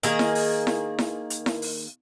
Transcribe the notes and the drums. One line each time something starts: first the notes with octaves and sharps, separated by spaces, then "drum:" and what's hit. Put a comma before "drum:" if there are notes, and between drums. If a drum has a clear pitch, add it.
D#3 A#3 G#4, drum: hi-hat
drum: snare E4
drum: open hi-hat
drum: snare E4
drum: snare E4
drum: hi-hat
drum: snare E4
drum: open hi-hat